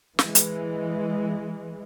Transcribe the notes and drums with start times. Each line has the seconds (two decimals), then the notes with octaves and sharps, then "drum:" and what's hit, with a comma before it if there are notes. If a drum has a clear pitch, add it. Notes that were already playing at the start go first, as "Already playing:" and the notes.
0.19 E3 G#3, drum: snare
0.35 drum: hi-hat